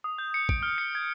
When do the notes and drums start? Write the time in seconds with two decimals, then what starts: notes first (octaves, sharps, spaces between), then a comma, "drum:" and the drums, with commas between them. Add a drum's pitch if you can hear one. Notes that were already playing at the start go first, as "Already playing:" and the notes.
0.04 D#6
0.18 G6
0.34 C#7
0.49 D7, drum: kick
0.63 F6
0.78 C#7
0.95 G#6